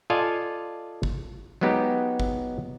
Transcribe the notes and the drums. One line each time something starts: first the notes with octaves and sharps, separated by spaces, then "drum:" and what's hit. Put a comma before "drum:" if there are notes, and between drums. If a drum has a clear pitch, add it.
F4 A4 D5 D#5 F5 G#5
drum: kick G#1
F#3 G#3 B3 D#4 G4
drum: kick G#1